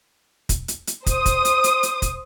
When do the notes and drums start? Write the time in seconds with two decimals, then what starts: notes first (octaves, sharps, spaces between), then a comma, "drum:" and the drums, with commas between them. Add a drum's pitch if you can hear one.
0.49 drum: kick, hi-hat
0.68 drum: hi-hat
0.87 drum: hi-hat
1.06 C5 D#6, drum: kick, hi-hat
1.26 drum: kick, hi-hat
1.45 drum: hi-hat
1.64 drum: hi-hat
1.83 drum: hi-hat
2.02 drum: kick, hi-hat